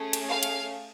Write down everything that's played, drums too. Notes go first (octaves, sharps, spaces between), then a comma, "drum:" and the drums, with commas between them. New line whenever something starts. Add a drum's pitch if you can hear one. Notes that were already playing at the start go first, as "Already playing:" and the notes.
Already playing: A3 C#4 G#4
drum: cymbal
F5
drum: cymbal